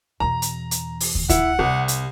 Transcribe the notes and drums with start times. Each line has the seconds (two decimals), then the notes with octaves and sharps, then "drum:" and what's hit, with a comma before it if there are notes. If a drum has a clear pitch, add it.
0.20 E2 B2 A#5
0.42 drum: hi-hat
0.71 drum: hi-hat
1.00 drum: open hi-hat
1.15 drum: kick
1.29 E4 F#5, drum: kick, hi-hat
1.59 C2 C3
1.88 drum: hi-hat